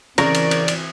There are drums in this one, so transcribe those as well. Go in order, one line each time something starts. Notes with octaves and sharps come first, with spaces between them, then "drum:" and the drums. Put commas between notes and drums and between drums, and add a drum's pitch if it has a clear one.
C#3 E3 C4 A#4 D5 C#6 A#6, drum: cymbal
drum: cymbal
drum: cymbal
drum: cymbal